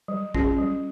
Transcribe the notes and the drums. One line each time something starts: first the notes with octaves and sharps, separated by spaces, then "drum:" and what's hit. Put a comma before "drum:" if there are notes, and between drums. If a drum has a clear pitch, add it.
G3
C#4 F4 G#4, drum: kick
G3